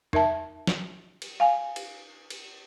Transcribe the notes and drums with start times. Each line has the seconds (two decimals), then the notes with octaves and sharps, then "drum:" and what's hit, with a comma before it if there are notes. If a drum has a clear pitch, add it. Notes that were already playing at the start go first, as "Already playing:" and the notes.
0.13 D#4 A#4 E5 A5, drum: tom E2
0.67 drum: snare
1.22 drum: cymbal
1.40 F5 G#5
1.76 drum: cymbal
2.30 drum: cymbal